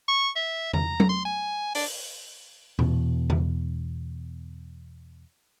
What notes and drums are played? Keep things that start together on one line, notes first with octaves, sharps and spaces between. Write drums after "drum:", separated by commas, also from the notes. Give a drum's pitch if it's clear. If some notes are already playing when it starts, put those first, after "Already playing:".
C#6
E5
A#5, drum: tom E2
drum: tom F#3
C6
G#5
D4, drum: open hi-hat
E2 B2, drum: tom A#2
drum: tom E2